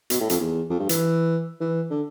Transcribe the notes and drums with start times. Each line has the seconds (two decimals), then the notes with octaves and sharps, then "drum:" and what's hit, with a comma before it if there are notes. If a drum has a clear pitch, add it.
0.10 B2, drum: hi-hat
0.20 A2
0.30 F2, drum: hi-hat
0.40 E2
0.70 F2
0.79 G2
0.89 E3, drum: hi-hat
1.60 E3
1.90 D3